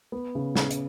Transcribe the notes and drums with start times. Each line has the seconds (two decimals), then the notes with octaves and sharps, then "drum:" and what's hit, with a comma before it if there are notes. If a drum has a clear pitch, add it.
0.12 B3
0.35 C#3
0.56 C#3, drum: snare
0.71 drum: hi-hat